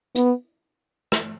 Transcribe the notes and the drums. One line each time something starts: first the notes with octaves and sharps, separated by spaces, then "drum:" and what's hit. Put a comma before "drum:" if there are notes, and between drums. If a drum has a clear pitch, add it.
B3, drum: hi-hat
drum: rim click